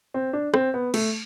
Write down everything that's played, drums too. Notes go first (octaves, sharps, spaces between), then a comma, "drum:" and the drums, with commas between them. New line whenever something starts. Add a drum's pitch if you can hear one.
C4
D4
C4, drum: rim click
B3
A3, drum: cymbal